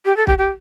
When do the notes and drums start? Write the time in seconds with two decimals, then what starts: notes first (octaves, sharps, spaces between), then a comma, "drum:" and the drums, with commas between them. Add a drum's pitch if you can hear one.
0.05 G4
0.17 A4
0.27 G4, drum: kick
0.38 G4